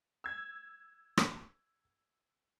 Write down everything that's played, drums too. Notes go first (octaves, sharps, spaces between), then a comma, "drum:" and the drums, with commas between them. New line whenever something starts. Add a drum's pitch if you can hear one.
E6 G#6
drum: rim click